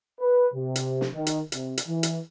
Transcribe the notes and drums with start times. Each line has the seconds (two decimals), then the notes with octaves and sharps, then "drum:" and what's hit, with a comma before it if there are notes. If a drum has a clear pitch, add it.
0.20 B4
0.54 C3
0.76 drum: hi-hat
1.01 drum: snare
1.14 D#3
1.26 drum: hi-hat
1.52 C3, drum: hi-hat
1.77 drum: hi-hat
1.87 E3
2.03 drum: hi-hat